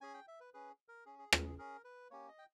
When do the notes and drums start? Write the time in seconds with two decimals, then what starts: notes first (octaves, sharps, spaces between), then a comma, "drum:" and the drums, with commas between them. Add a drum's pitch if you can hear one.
0.01 C#4 G#4 G#5
0.14 G5
0.28 E5
0.40 B4
0.54 C#4 G#4 B4
0.88 A#4
1.06 C#4 G#4
1.19 G#4
1.33 A#4, drum: rim click
1.45 G#4
1.58 C#4 G#4 A#4
1.84 B4
2.11 A#3 C#4 G4 C#5
2.28 D#5
2.39 G5